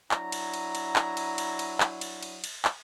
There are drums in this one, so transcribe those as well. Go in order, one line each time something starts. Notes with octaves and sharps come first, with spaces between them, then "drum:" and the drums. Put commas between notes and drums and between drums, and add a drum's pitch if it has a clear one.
F#3 D4 E4 A#5, drum: clap
drum: cymbal
drum: cymbal
drum: cymbal
drum: clap
drum: cymbal
drum: cymbal
drum: cymbal
drum: clap
drum: cymbal
drum: cymbal
drum: cymbal
drum: clap